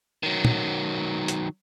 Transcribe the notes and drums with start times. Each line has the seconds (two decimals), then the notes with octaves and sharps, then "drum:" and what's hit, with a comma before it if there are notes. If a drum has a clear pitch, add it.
0.23 D#3 F#3
0.45 drum: tom
1.28 drum: hi-hat